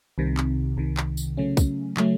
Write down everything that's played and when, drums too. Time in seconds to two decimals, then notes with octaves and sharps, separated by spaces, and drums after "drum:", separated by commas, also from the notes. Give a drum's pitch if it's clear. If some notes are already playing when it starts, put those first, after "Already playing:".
0.18 C2 C3 D#3
0.37 drum: clap
0.77 C2 C3 D#3
0.97 drum: clap
1.17 drum: tambourine
1.37 C#3 F#3 A3 C#4
1.57 drum: kick, tambourine
1.97 C#3 F#3 A3 C#4, drum: clap